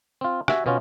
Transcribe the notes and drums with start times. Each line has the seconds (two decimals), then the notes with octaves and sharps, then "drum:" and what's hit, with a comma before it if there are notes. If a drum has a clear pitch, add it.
0.21 C4 F4
0.48 F#4 E5 G#5, drum: rim click
0.66 B2 B3 C#4 F4